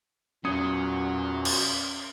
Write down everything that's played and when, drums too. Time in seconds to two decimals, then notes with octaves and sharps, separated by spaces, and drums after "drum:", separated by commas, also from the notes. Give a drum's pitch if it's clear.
0.45 E2 A#2 F#3 C#4 D#6
1.45 drum: cymbal